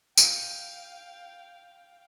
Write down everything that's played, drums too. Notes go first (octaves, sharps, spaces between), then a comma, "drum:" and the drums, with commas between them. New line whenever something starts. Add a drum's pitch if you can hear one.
F5 G5, drum: tambourine